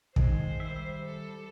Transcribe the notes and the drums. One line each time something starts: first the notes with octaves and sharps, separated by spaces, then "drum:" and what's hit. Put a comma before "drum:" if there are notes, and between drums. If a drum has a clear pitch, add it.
D#3 G#3 C5, drum: kick
G3 E5
A4